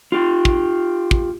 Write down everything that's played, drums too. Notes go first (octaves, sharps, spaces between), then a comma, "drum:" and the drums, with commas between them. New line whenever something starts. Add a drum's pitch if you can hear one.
F4 G4
drum: kick
drum: kick